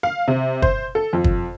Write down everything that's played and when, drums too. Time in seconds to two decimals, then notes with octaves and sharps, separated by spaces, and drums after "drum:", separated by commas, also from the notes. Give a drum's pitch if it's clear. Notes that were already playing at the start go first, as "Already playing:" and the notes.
0.03 F5
0.28 C3
0.62 C5, drum: kick
0.95 A4
1.13 F2
1.24 drum: kick